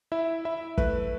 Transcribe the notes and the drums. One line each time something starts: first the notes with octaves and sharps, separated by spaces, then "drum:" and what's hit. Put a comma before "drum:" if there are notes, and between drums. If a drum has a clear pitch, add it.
E4 E5
E4 E5
A3 B4, drum: kick